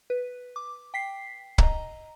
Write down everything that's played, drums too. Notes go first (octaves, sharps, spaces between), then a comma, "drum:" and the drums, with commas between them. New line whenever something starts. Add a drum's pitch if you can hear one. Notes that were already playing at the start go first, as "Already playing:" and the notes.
B4
D6
G5 B6 C7
D#5 A#5, drum: kick